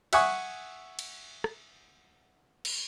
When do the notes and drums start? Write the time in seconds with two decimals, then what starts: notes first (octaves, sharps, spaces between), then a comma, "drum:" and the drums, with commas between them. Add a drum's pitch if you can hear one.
0.13 E5 F#5 G#5 C#6 D#6 E6, drum: cymbal
0.99 drum: cymbal
1.44 drum: rim click
2.65 drum: cymbal